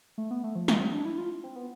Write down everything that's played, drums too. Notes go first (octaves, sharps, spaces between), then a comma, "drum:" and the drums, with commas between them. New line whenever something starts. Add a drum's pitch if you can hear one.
A3
B3
A3
F3
E3, drum: snare
C4
D4
E4
F4
C4
B3